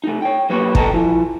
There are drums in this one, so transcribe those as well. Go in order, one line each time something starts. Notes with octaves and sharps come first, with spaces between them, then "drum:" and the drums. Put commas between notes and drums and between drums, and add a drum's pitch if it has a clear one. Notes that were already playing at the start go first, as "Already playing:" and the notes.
A3 D#4
C#5 G5
F#3 A#3 B3 G4 B4 C#5
A4 D#5 G5 A5 A#5, drum: kick
F3 E4